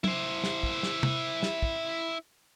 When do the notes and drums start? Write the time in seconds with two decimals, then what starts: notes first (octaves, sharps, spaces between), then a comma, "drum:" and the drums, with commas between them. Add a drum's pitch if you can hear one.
0.04 E4 C5, drum: tom
0.44 drum: snare
0.63 drum: kick
0.83 drum: snare
1.03 drum: tom
1.43 drum: snare
1.62 drum: kick